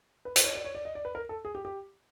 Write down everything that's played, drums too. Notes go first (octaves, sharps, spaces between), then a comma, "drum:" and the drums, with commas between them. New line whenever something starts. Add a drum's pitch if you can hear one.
B4
C5, drum: hi-hat
C#5
D5
C#5
D5
D#5
D5
B4
A#4
A4
G#4
G4
G4